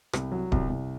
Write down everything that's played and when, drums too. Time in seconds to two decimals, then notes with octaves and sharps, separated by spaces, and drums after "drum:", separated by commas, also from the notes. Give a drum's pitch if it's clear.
0.13 C2, drum: rim click
0.32 F#3
0.52 C2, drum: kick D1
0.70 C2